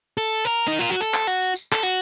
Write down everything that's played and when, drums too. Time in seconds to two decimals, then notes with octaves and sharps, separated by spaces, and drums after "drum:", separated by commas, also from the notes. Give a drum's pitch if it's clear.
0.18 A4
0.45 A#4, drum: tambourine
0.67 D#4
0.79 F4
0.90 F#4
1.01 A4, drum: tambourine
1.14 drum: clap
1.27 F#4, drum: tambourine
1.42 drum: tambourine
1.56 drum: tambourine
1.72 A4, drum: clap
1.83 F#4, drum: tambourine